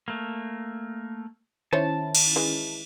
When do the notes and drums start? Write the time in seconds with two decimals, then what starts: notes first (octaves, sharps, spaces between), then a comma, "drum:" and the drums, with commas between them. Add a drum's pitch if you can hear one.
0.08 A3 A#3
1.73 D#3 C#4 E4 C5 C#5 A5
2.15 drum: cymbal
2.36 E3 G#3